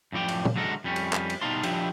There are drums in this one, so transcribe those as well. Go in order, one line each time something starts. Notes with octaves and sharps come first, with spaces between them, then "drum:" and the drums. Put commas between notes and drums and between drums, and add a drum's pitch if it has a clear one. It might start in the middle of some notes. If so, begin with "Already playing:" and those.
F#2 A2 F3 D5 G5
drum: cymbal
drum: tom
D3 G#3 F#4 A4 A#4
F2 G3 C#4
drum: cymbal
drum: clap
drum: cymbal
B2 G3 D#4 F5 A5 C6
F3 B3 D4 E4 G4, drum: cymbal